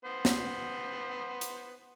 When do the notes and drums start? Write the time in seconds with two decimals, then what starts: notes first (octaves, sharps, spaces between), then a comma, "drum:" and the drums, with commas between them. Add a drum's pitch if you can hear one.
0.05 B3 C5
0.25 drum: snare
1.41 drum: hi-hat